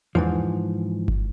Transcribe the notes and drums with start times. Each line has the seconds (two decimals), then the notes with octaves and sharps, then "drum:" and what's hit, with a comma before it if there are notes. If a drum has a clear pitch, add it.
0.15 G#2 E3 F3, drum: tom E2
1.08 drum: kick G1